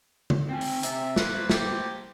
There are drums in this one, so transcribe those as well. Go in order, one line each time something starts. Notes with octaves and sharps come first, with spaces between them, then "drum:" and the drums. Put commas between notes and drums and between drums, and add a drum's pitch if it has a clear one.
drum: tom
C4 G#5
drum: open hi-hat
C3 E5, drum: hi-hat
A#3 B4 C5, drum: snare
G4, drum: snare